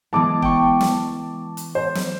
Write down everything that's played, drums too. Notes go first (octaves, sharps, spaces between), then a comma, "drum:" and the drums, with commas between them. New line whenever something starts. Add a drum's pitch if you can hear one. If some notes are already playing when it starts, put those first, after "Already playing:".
E3 G#3 B3 A5 D6
G5 C#6, drum: kick
drum: snare
drum: hi-hat
C5
drum: snare